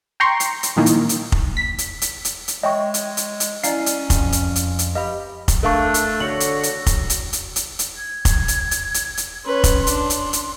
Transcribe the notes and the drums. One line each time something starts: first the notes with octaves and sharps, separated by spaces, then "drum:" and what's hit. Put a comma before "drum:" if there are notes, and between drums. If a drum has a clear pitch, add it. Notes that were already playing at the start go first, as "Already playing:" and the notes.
G5 A#5 C6 C#6
drum: hi-hat
drum: hi-hat
A#2 D#3 E3 A#3
drum: hi-hat
drum: hi-hat
drum: kick F1
B6
drum: hi-hat
drum: hi-hat
drum: hi-hat
drum: hi-hat
G#3 C#5 D#5 E5 G5 C#6
drum: hi-hat
drum: hi-hat
drum: hi-hat
C#4 E4 D5 D#5 F5 C7, drum: hi-hat
drum: hi-hat
F2, drum: kick F1, hi-hat
drum: hi-hat
drum: hi-hat
drum: hi-hat
G4 B4 D#5 F5 B5
drum: kick F1, hi-hat
A3 D4 A#4 F5 C#6
drum: hi-hat
D3 F#4 C#5 F#7
drum: hi-hat
drum: hi-hat
drum: kick F1, hi-hat
drum: hi-hat
drum: hi-hat
drum: hi-hat
drum: hi-hat
G#6
drum: kick F1, hi-hat
drum: hi-hat
drum: hi-hat
drum: hi-hat
drum: hi-hat
C#4 B4 C6
drum: kick F1, hi-hat
D4, drum: hi-hat
drum: hi-hat
drum: hi-hat